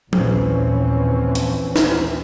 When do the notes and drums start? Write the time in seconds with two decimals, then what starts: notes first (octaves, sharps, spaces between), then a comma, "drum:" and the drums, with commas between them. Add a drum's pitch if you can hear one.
0.13 A#1 D#2 A#2 E3 C4 C#4, drum: tom F3
1.35 drum: hi-hat
1.76 drum: snare